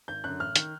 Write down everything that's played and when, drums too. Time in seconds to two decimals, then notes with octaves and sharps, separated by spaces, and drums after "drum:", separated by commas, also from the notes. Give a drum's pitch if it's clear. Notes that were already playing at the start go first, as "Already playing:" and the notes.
0.08 G#1 G6
0.24 F#2 D3 F#6
0.39 A1 F6
0.56 D#3, drum: hi-hat